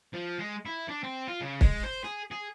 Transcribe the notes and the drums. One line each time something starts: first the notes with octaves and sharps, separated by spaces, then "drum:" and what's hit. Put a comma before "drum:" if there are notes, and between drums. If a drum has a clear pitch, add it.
F3
G#3
E4
D4
C4
F4
C#3
G#3, drum: kick
C5
G#4
G#4